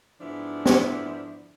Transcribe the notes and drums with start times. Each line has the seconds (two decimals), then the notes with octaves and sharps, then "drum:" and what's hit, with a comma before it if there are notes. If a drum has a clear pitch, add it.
0.20 G#2 D3 F3 B3 D4 E4
0.66 drum: snare